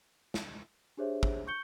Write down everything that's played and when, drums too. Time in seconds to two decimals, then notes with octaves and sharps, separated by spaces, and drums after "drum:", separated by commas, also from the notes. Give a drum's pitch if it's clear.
0.34 drum: snare
0.97 D4 G4 G#4 C5 C#5 E5
1.23 drum: kick
1.47 C#6 G6 C#7 G7